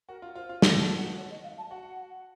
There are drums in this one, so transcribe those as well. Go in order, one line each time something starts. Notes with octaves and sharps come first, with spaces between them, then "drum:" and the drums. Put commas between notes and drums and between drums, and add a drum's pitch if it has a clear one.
F#4 A#4
F4
F4 C5
F4
F#4, drum: snare
A4
F#4
C#5
D#5
F5
A5
F#4 F#5